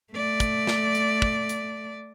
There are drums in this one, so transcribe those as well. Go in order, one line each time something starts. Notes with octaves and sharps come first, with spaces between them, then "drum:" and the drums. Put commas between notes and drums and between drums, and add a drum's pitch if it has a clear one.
A3 D5
drum: kick, hi-hat
drum: snare
drum: hi-hat
drum: kick
drum: hi-hat